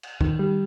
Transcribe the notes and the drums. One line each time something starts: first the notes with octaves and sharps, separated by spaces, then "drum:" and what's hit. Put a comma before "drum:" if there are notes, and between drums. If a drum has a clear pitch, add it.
drum: cymbal
D#3, drum: kick
G3